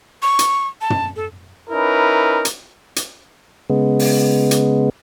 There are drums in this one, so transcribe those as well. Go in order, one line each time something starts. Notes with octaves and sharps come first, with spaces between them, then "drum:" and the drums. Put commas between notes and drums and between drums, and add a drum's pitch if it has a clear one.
C#6
drum: hi-hat
A5
drum: tom
A4
C#4 D#4 E4 A#4 B4
drum: hi-hat
drum: hi-hat
C#3 G#3 B3
drum: open hi-hat
drum: hi-hat